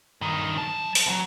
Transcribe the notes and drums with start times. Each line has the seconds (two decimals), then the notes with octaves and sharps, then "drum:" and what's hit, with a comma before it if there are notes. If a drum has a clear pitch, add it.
0.21 G2 D#3
0.57 F#3 A5
0.95 drum: open hi-hat
1.06 C2 F#3